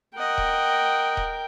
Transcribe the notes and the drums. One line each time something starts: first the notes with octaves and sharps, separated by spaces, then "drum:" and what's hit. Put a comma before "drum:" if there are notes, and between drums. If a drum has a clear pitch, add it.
A#4 D#5 F#5 G5
drum: kick D#1
drum: kick D#1